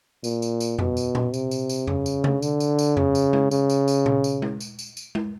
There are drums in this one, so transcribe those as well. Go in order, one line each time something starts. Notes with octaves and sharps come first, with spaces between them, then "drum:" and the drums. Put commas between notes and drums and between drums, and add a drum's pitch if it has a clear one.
A#2, drum: tambourine
drum: tambourine
drum: tambourine
B2, drum: tom F2
drum: tambourine
drum: tom A#2
C3, drum: tambourine
drum: tambourine
drum: tambourine
C#3, drum: tom F2
drum: tambourine
drum: tom C3
D3, drum: tambourine
drum: tambourine
drum: tambourine
C#3, drum: tom F2
drum: tambourine
drum: tom G#3
C#3, drum: tambourine
drum: tambourine
drum: tambourine
drum: tom A#2
drum: tambourine
drum: tom G#3
drum: tambourine
drum: tambourine
drum: tambourine
drum: tom G#3